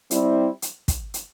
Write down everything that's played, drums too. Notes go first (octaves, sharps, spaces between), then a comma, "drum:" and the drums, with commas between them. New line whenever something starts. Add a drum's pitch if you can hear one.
G3 C4 E4, drum: hi-hat
drum: hi-hat
drum: kick, hi-hat
drum: hi-hat